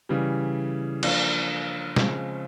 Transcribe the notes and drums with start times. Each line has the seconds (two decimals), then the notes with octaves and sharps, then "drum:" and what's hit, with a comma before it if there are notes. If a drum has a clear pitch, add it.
0.09 C#3 E3 G3
1.03 F3 A#3 D4 F4, drum: cymbal
1.96 C#3 F3 G#3 C4, drum: snare